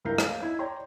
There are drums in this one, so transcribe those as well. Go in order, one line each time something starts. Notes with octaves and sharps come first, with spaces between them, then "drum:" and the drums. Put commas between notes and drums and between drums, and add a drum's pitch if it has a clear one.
C#2 G2 E4 A#4 G6 C7
C#5 F5 G#5, drum: rim click
D#4 E4 G#6
C#5 D5 G5 A#5 C6